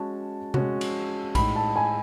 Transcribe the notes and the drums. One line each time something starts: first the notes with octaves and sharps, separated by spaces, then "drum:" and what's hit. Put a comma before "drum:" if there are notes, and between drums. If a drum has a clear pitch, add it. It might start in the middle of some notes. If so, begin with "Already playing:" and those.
Already playing: G#3 C#4 F#4 A5
G#3 C#4 F#4, drum: tom C3
drum: cymbal
A2 G#3 D#4 B5, drum: kick A#1, cymbal
A5
G#5